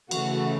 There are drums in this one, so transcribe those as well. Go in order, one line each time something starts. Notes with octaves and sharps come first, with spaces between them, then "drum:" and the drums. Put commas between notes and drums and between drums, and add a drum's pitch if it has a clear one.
C#3 E3 A3 F#4, drum: cymbal